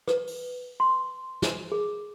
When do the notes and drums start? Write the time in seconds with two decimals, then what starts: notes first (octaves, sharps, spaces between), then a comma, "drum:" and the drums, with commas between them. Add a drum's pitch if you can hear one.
0.08 B4, drum: rim click
0.27 drum: open hi-hat
0.80 C6
1.42 drum: snare
1.72 G#4